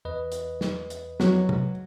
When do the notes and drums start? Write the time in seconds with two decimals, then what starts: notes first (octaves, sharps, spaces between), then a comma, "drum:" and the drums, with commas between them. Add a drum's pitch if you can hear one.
0.05 E2 B4 D#5
0.32 drum: hi-hat
0.61 drum: snare
0.90 drum: hi-hat
1.20 F#3, drum: snare
1.49 drum: tom